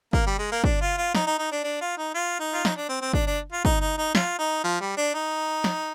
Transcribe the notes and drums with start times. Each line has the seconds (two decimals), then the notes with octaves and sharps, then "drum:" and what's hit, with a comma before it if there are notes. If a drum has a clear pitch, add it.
0.13 A#3, drum: kick
0.27 G3
0.38 G#3
0.51 A#3
0.64 D4, drum: kick
0.81 F4
0.98 F4
1.15 D#4, drum: snare
1.26 D#4
1.38 D#4
1.52 D4
1.64 D4
1.81 F4
1.97 D#4
2.14 F4
2.40 D#4
2.53 F4
2.65 D#4, drum: snare
2.77 D4
2.89 C4
3.01 C4
3.13 D4, drum: kick
3.27 D4
3.52 F4
3.65 D#4, drum: kick
3.81 D#4
3.98 D#4
4.15 F4, drum: snare
4.39 D#4
4.64 F3
4.81 G3
4.97 D4
5.14 D#4
5.64 drum: snare